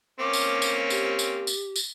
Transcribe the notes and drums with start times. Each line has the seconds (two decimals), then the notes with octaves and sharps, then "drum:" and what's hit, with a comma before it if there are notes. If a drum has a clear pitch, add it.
0.20 A#3 C4 C#4 D6
0.33 drum: tambourine
0.62 drum: tambourine
0.90 G4, drum: tambourine
1.19 drum: tambourine
1.47 drum: tambourine
1.76 drum: tambourine